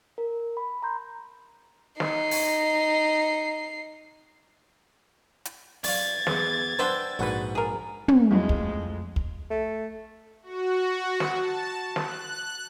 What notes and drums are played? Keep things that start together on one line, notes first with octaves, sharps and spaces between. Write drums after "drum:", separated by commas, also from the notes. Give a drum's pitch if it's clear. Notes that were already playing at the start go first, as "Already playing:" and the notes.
A#4
B5
A#5 C6 G6
D#4 C7, drum: snare
drum: open hi-hat
drum: hi-hat
D5 F5 G#6 A6, drum: open hi-hat
E2, drum: snare
B3 D4 C5 E5 G5
A#1 G#2 F#4 B4 B5
G#4 A#4
drum: tom
F2 F#3 G#3 A3 E4
drum: kick
drum: kick
A3
F#4
drum: snare
A5
F#6, drum: snare